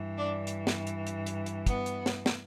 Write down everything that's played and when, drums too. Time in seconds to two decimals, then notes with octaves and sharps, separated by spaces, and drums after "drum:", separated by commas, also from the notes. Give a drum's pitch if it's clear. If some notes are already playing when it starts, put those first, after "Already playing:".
Already playing: G2 E3
0.17 D4
0.47 drum: hi-hat
0.67 drum: snare
0.87 drum: hi-hat
1.07 drum: hi-hat
1.26 drum: hi-hat
1.46 drum: hi-hat
1.66 B3, drum: kick, hi-hat
1.86 drum: hi-hat
2.06 drum: snare
2.26 drum: snare